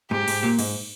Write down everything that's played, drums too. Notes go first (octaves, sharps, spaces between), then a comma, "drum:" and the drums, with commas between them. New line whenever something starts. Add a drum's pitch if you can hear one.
G#2 G4
G#2, drum: cymbal
A#2
G#2, drum: cymbal